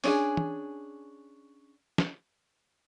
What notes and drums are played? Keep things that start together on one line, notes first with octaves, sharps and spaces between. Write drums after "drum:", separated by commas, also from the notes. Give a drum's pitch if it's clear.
C#4 D4 G#4, drum: open hi-hat
drum: tom
drum: snare